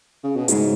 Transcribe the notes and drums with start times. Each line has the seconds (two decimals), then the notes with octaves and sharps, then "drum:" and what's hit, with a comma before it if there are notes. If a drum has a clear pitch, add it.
0.23 C#3
0.36 B2
0.48 G#2 C#3 G#3 E4, drum: hi-hat